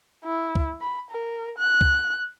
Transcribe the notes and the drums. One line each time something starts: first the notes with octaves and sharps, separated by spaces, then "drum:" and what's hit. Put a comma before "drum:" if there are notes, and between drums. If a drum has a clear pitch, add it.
E4
drum: kick
B5
A#4
F#6
drum: kick